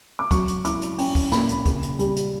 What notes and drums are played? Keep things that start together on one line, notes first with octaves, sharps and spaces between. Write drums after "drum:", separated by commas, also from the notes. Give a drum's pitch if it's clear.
D6
F#3 C#6, drum: kick, hi-hat
drum: hi-hat
E4 D6, drum: hi-hat
drum: hi-hat
C#4 G5, drum: open hi-hat
drum: kick, open hi-hat
A#2 B5, drum: snare
drum: hi-hat
C#3, drum: kick, hi-hat
drum: hi-hat
G3, drum: hi-hat
drum: hi-hat